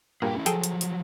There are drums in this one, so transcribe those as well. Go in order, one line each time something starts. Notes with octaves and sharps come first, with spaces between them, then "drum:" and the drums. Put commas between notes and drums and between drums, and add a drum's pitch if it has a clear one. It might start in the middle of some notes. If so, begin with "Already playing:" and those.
G2 A#2 A#3 G#4 A#4 G5
A3 C#4 E4
F3 F#3 G#4 A4 G5, drum: hi-hat
drum: hi-hat
drum: hi-hat